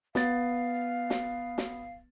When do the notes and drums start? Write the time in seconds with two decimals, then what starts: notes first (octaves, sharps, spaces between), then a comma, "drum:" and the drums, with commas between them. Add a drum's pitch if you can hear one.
0.15 B3 F5 A6, drum: snare
1.10 drum: snare
1.58 drum: snare